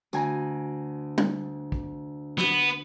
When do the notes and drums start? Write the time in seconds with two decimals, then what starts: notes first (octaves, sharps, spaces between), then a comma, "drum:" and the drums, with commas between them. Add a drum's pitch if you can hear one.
0.13 D2 G#5 A#5, drum: tambourine
1.18 drum: tom G3
1.72 drum: kick
2.38 B3, drum: snare